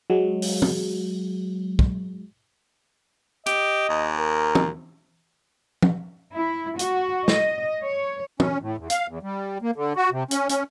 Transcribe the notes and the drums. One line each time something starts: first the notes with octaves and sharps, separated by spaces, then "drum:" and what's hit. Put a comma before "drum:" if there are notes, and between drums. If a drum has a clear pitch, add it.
F#3 G#3
drum: open hi-hat
drum: tom
drum: kick
G4 D#5, drum: hi-hat
D#2
A#4
drum: tom
drum: tom
E4
F#4, drum: hi-hat
D#5, drum: snare
C#5
C#4, drum: tom
A2
E2
F5, drum: hi-hat
E2
G3
A#3
D3
F#4
C3
C#4, drum: hi-hat
C#4, drum: hi-hat